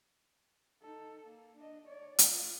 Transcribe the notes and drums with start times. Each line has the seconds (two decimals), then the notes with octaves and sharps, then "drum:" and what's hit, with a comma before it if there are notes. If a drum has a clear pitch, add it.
0.82 D#4 A4
1.26 A#3
1.56 D4 D#5
1.87 C#5 D5
2.19 F4, drum: hi-hat